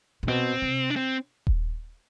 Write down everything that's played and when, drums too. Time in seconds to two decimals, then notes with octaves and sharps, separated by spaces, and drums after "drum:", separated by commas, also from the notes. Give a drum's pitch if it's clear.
0.23 A2
0.28 B2 C4
0.62 C3
0.90 D4
0.96 C4
1.47 drum: kick D#1